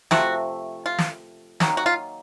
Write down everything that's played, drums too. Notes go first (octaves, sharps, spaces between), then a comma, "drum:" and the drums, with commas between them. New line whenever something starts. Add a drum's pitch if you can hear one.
C3 F3 A3 F#4, drum: snare
F4
drum: snare
D#3 F#3 A#3 F#4, drum: snare
F#4
F4